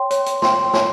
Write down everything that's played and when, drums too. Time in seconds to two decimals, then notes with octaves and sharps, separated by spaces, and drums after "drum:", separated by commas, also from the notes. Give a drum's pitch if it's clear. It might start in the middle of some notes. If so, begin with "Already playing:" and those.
Already playing: C#5 G5 C6
0.11 C#5, drum: hi-hat
0.26 drum: hi-hat
0.42 G5 C6, drum: snare
0.73 C#5, drum: snare